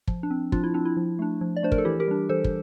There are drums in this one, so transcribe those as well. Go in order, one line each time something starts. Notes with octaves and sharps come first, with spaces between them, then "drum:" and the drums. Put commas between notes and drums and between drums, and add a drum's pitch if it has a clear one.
F3, drum: kick
D4
C4
F3 D4 F4, drum: kick
E4
C4 D4
E4
F3
A3 D4
F3
D5
A3 D4 C5
A#4, drum: kick
A4
E3 E4 G4
G4 A#4
G3 D4
E3 A4 C5
drum: kick